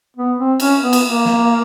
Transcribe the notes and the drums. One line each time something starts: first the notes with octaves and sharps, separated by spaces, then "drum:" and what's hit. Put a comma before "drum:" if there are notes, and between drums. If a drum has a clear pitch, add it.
B3
C4
C#4, drum: cymbal
B3
drum: cymbal
A#3
drum: snare